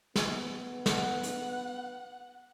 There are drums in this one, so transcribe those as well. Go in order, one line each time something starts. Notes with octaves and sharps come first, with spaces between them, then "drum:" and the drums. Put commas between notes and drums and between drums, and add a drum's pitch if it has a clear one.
B3, drum: snare
F#5, drum: snare
drum: hi-hat